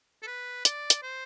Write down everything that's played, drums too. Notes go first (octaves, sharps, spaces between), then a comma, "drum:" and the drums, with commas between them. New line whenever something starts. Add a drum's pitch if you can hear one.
A4
B4
D5, drum: hi-hat
drum: hi-hat
C5